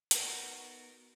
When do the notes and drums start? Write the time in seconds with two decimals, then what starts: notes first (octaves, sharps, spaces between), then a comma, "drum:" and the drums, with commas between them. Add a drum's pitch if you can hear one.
0.11 drum: hi-hat
0.20 B3 D#4 F#4 A#4